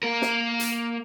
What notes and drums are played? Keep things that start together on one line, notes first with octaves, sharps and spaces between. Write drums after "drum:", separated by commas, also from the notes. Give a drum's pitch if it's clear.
A#3 A#4
drum: snare
drum: hi-hat